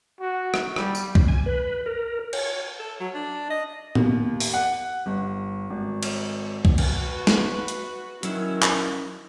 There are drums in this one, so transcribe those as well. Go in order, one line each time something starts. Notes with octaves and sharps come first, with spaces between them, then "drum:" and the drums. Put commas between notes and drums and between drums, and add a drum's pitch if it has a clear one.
F#4
drum: rim click
G3, drum: rim click
drum: tambourine
drum: kick C2
G#5
B4
A#4
C#5, drum: cymbal
A4
F#3
D4
D#5
D#2, drum: tom A2
drum: open hi-hat
F#5
G1
G#1
drum: cymbal
drum: kick C2
F#4 B4, drum: cymbal
drum: snare
drum: hi-hat
D#3 F#3 C#4 E4, drum: hi-hat
drum: clap